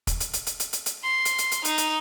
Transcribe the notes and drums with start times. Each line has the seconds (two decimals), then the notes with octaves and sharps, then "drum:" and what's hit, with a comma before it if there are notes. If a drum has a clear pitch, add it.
0.07 drum: kick, hi-hat
0.20 drum: hi-hat
0.33 drum: hi-hat
0.46 drum: hi-hat
0.60 drum: hi-hat
0.73 drum: hi-hat
0.86 drum: hi-hat
1.04 C6
1.25 drum: hi-hat
1.38 drum: hi-hat
1.51 drum: hi-hat
1.65 D#4, drum: hi-hat
1.78 drum: hi-hat